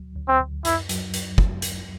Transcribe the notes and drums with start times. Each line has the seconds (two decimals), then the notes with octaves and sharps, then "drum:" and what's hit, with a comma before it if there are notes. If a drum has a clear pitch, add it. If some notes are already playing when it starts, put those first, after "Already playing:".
Already playing: D2 F#3
0.16 D2
0.28 C4
0.41 D2
0.65 F#2 E4, drum: hi-hat
0.89 F#3, drum: hi-hat
1.14 drum: hi-hat
1.38 drum: kick
1.62 drum: hi-hat